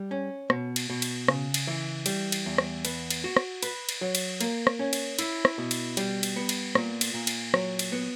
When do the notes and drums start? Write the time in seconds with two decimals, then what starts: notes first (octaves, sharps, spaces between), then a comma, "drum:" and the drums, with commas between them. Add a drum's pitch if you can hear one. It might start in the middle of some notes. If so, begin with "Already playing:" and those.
Already playing: G3
0.11 C#4
0.50 B2, drum: rim click
0.76 drum: cymbal
0.90 B2
1.02 drum: cymbal
1.28 C#3, drum: rim click
1.54 drum: cymbal
1.67 E3
2.06 G3, drum: cymbal
2.32 drum: cymbal
2.46 E2
2.58 drum: rim click
2.85 B3, drum: cymbal
3.10 drum: cymbal
3.24 F#4
3.37 drum: rim click
3.63 B4, drum: cymbal
3.89 drum: cymbal
4.01 F#3
4.15 drum: cymbal
4.41 A#3, drum: cymbal
4.67 drum: rim click
4.79 C#4
4.93 drum: cymbal
5.19 E4, drum: cymbal
5.45 drum: rim click
5.58 B2
5.71 drum: cymbal
5.97 G3, drum: cymbal
6.23 drum: cymbal
6.36 B3
6.49 drum: cymbal
6.75 A#2, drum: rim click
7.01 drum: cymbal
7.14 A#2
7.27 drum: cymbal
7.54 F#3, drum: rim click
7.79 drum: cymbal
7.92 B3